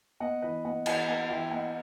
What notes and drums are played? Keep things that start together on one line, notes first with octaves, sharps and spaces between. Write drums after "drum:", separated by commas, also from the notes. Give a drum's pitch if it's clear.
B3 D#5 F#5
E3 B4 D#5
B3 D#5 F#5
E3 D#5 F#5, drum: cymbal
B3 D#5 F#5
E3 E5 G5
B3 D#5 F#5